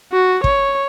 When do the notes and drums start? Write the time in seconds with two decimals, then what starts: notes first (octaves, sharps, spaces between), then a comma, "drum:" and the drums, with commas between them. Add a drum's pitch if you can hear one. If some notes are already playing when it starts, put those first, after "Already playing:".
0.13 F#4
0.44 C#5, drum: kick